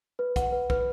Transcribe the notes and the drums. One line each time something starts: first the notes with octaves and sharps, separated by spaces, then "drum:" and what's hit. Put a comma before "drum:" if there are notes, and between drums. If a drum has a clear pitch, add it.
B4
F#5, drum: kick, hi-hat
B4
B4, drum: kick